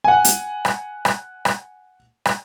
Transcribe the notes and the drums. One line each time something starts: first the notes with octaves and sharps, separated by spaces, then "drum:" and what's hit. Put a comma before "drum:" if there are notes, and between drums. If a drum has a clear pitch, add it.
F#5 G#5
drum: hi-hat
drum: rim click
drum: rim click
drum: rim click
drum: rim click